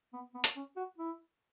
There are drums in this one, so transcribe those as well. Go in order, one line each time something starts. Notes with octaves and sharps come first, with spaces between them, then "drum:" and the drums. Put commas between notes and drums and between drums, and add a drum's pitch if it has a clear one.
B3
B3
drum: hi-hat
C#4
F#4
E4